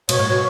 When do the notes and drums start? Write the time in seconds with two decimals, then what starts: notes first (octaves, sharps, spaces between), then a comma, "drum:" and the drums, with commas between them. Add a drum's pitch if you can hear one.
0.09 B2 C#5, drum: cymbal
0.19 A2
0.30 B2